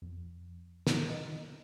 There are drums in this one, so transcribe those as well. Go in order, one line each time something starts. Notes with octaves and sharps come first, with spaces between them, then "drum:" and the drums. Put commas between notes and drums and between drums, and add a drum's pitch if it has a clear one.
F2
drum: snare
D#4